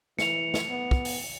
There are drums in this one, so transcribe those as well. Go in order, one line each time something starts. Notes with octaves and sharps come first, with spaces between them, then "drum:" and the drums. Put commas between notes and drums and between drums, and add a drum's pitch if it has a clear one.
E3 C#7 F7, drum: snare
drum: snare
B3
drum: kick
drum: open hi-hat